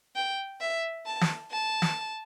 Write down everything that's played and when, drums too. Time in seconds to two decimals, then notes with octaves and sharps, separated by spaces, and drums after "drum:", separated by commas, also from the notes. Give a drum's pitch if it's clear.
0.16 G5
0.61 E5
1.06 A5
1.21 drum: snare
1.51 A5
1.82 drum: snare